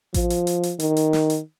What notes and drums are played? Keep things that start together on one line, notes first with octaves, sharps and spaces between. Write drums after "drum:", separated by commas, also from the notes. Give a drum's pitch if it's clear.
F3, drum: kick A1, hi-hat
drum: hi-hat
drum: hi-hat
drum: hi-hat
D#3, drum: hi-hat
drum: hi-hat
drum: snare
drum: hi-hat